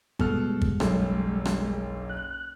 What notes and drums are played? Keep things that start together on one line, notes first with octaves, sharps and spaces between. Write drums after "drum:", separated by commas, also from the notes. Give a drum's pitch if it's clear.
B2 G3 G#3 A4 F6, drum: kick
drum: kick
F#1 B1 A4, drum: rim click
drum: rim click
F#6